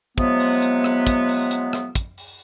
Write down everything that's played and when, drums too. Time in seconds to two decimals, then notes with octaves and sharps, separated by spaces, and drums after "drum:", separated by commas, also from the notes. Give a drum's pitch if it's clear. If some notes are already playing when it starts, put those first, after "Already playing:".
0.18 C3 F3 F#3 G#3 B3, drum: kick
0.40 drum: open hi-hat
0.62 drum: hi-hat
0.84 drum: rim click
1.07 drum: kick, hi-hat
1.29 drum: open hi-hat
1.51 drum: hi-hat
1.73 drum: rim click
1.95 drum: kick, hi-hat
2.18 drum: open hi-hat